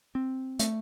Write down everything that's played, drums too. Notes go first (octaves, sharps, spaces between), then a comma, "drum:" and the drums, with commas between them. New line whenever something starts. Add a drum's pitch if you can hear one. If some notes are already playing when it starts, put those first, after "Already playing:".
C4
A3, drum: hi-hat